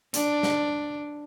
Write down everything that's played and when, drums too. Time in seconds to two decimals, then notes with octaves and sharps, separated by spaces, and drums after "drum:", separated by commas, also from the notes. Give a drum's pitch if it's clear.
0.14 D4, drum: hi-hat
0.43 drum: snare